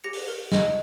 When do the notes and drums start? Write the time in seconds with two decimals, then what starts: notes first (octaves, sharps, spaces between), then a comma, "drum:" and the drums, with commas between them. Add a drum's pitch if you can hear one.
0.04 G4 A#6 C#7
0.13 drum: open hi-hat
0.28 A#4
0.52 D#5, drum: snare